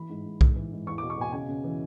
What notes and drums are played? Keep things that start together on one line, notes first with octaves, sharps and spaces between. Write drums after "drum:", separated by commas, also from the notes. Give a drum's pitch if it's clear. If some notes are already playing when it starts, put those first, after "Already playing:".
Already playing: E3 B5
G#2
G#2
G#2, drum: kick B1
E3
G#2
E2 C#6
D6
B2
C#6
B2 G#5
C#3 G#5
C#3
E3